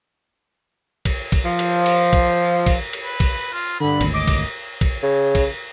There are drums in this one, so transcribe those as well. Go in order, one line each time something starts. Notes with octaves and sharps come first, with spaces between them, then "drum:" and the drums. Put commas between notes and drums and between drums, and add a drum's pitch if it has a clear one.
drum: kick, cymbal
drum: kick, cymbal
F3
drum: cymbal
drum: cymbal
drum: kick, cymbal
drum: kick, cymbal
drum: cymbal
B4
drum: kick, cymbal
F4
G2 D3 B5
G#1 D2, drum: cymbal
D#5 D6
drum: kick, cymbal
drum: kick, cymbal
C#3
drum: kick, cymbal